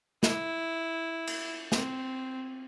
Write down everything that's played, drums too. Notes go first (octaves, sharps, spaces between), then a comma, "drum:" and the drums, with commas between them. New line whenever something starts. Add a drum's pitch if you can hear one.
E4, drum: snare
drum: cymbal
C4, drum: snare